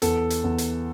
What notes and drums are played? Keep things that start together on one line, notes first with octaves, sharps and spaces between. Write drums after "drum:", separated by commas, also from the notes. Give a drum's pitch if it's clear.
E2 A4, drum: hi-hat
drum: hi-hat
E2
drum: hi-hat